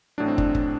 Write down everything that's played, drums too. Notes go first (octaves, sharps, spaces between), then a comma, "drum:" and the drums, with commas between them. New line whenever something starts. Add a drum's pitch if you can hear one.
A1 A2 F#3 D4
C4
D4, drum: kick
drum: kick